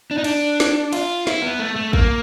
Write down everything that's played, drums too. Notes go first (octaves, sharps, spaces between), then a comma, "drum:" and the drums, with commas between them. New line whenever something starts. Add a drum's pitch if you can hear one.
D4
D#4
D4, drum: cymbal
drum: snare
F4, drum: cymbal
E4, drum: snare
B3
A3
A3
A#3, drum: kick